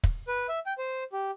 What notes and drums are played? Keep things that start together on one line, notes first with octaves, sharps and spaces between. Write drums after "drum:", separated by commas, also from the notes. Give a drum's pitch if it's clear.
drum: kick
B4
E5
G5
C5
G4